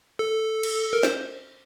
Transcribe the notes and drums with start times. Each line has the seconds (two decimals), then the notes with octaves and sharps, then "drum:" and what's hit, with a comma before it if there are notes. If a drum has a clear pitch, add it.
0.19 A4
0.63 drum: cymbal
0.93 A#4
1.03 C5, drum: snare